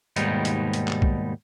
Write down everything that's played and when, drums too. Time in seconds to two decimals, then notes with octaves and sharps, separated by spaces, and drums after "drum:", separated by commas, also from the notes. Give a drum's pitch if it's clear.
0.16 D#2 G#2 B2 G3 D#4, drum: hi-hat
0.45 drum: hi-hat
0.73 drum: hi-hat
0.88 drum: clap
1.02 drum: kick B1